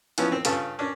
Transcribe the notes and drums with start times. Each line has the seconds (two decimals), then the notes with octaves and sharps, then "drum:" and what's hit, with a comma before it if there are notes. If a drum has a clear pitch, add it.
0.18 E3 F3 B3 C#4, drum: hi-hat
0.32 C4
0.45 G2 C#3 F4 A4, drum: hi-hat
0.79 C#4 D4